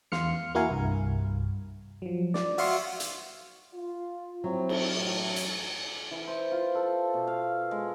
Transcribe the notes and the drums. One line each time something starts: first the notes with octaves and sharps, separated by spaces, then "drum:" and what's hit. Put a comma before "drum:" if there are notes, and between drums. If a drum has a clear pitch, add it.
E2 F5 C6 F6 C#7, drum: snare
A#3 E4 F#4 A#4 F5 G#5
C2 G2
F3 F#3
D5, drum: snare
F#4 E5 F5 C6 C#6, drum: open hi-hat
drum: hi-hat
F4
F#3 C4 E4
drum: cymbal
A1 A2
drum: hi-hat
E3
C5
F4
A4
B2
F5
G#3